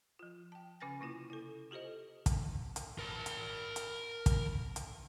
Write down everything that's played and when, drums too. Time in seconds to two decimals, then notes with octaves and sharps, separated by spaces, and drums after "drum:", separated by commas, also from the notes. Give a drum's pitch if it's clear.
0.19 F3 F4
0.52 G5 A5
0.80 C#3 C#4 B4 G#5 A6 A#6
1.01 C3 A#3 E4 F4
1.30 E4 A4
1.71 F4 G4 A4 C5 D#5
2.26 drum: kick, hi-hat
2.76 drum: hi-hat
2.99 A#4 A5
3.26 drum: hi-hat
3.76 drum: hi-hat
4.26 drum: kick, hi-hat
4.76 drum: hi-hat